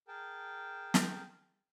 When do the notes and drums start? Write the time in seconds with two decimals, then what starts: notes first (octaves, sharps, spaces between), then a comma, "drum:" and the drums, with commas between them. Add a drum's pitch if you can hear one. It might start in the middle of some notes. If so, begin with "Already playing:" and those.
0.08 G#4 A#4 G5 A5
0.94 drum: snare